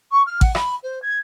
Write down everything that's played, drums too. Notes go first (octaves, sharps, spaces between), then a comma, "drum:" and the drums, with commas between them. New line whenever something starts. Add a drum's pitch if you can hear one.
C#6
F6
F#5, drum: kick A1
B5, drum: rim click
C5
G#6